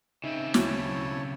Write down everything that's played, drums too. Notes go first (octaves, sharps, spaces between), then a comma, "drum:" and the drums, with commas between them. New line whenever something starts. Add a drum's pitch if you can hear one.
C#3 C4 D#4 E5
D2 F#3 E4 C#5 A5, drum: snare